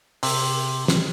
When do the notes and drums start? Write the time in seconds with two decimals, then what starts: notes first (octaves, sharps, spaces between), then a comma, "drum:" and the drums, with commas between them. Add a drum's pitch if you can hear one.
0.23 C3, drum: open hi-hat
0.88 drum: snare